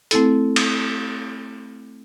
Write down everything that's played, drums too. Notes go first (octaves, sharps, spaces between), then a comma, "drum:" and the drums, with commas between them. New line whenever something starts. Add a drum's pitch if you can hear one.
A3 C4 E4 A4, drum: hi-hat
drum: cymbal